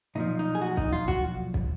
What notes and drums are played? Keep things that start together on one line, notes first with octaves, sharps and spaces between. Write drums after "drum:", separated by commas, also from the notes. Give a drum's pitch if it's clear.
B1 A#2 F3 D#4
D#4
G#4
F#4
D#4, drum: kick
F4
F#4, drum: kick
drum: kick